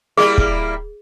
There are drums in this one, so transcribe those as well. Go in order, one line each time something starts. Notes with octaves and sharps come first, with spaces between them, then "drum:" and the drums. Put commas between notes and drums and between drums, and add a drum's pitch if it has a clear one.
G3 A#3 E4 G#4
drum: kick